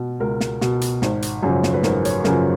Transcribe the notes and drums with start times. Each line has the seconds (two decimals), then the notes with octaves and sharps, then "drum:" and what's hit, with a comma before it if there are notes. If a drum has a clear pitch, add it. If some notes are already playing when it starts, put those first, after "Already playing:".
Already playing: B2
0.20 C#2 A#4
0.40 drum: snare
0.61 B2, drum: snare
0.81 drum: hi-hat
1.02 G#1, drum: snare
1.22 drum: hi-hat
1.43 F#2 C#3 F3
1.63 drum: snare
1.74 B4
1.83 G#1 A#4, drum: snare
2.05 C#5, drum: hi-hat
2.24 F#2 C#3 F3 A#4, drum: snare